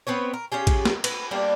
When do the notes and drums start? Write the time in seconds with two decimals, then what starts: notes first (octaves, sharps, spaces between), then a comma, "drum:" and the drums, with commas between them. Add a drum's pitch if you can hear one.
0.07 B3 C4 B4 C#5
0.34 A#4
0.52 C#4 F4 G4 G#4
0.67 drum: kick A#1, cymbal
0.85 drum: snare
1.04 B4, drum: cymbal
1.31 G3 A#3 B3 D4